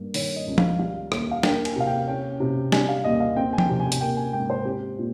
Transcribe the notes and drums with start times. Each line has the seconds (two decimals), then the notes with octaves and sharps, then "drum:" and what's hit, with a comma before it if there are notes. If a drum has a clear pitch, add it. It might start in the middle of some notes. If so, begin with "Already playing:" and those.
Already playing: G2 A#3
0.14 D#3 C#5, drum: open hi-hat
0.36 D#5
0.47 C#2
0.58 F5, drum: tom F3
0.79 G3 F5
1.12 D#2, drum: rim click
1.31 F5
1.43 A#3 G5, drum: snare
1.65 G#5, drum: cymbal
1.76 C3 F5
1.87 G5
2.07 C#4 G5
2.40 C3
2.72 G3 G#5, drum: snare
2.89 F5
3.04 D#2 D#5
3.20 F5
3.36 C4 G5
3.53 G#5
3.58 G5, drum: tom F3
3.69 C3
3.80 G#5
3.92 G#5, drum: hi-hat
4.01 A#3 G5
4.17 G#5
4.33 G#2 G5
4.50 C5
4.65 C4 G4
4.98 A#2